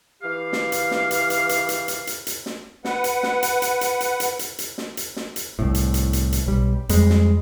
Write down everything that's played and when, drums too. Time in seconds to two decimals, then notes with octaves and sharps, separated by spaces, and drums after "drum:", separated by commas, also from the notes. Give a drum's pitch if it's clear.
0.22 E3 G4 F5
0.53 drum: snare
0.72 drum: hi-hat
0.91 drum: snare
1.11 drum: hi-hat
1.30 drum: hi-hat
1.49 drum: hi-hat
1.69 drum: hi-hat
1.88 drum: hi-hat
2.07 drum: hi-hat
2.27 drum: hi-hat
2.46 drum: snare
2.85 B4 F#5, drum: snare
3.04 drum: hi-hat
3.23 drum: snare
3.43 drum: hi-hat
3.62 drum: hi-hat
3.81 drum: hi-hat
4.01 drum: hi-hat
4.20 drum: hi-hat
4.39 drum: hi-hat
4.59 drum: hi-hat
4.78 drum: snare
4.97 drum: hi-hat
5.17 drum: snare
5.36 drum: hi-hat
5.59 C2 A2
5.74 drum: hi-hat
5.94 drum: hi-hat
6.13 drum: hi-hat
6.32 drum: hi-hat
6.46 B1 G3
6.89 F2 G3 G#3, drum: hi-hat
7.10 drum: snare